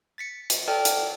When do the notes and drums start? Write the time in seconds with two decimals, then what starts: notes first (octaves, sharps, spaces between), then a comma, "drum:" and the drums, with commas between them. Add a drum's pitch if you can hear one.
0.18 A6 B6 C#7
0.50 drum: hi-hat
0.68 A4 D5 G5 A5 F6
0.85 drum: hi-hat